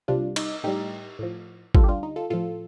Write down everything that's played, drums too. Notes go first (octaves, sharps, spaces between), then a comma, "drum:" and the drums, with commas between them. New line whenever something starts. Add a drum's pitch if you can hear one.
C2 C3 G3 D4 F4
D#4, drum: cymbal
A2 G3 D#4 G4
A2 F3
D2 D3 G3 F4 A4, drum: kick G#1
G4
D4 F4
D#4
F4 A4
A2 F3 F4 A4